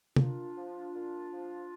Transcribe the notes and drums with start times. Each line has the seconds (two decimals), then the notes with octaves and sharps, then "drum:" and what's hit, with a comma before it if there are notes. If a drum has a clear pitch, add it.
0.16 A#2 D4 F4, drum: tom
0.55 F3
0.93 A#2
1.30 F3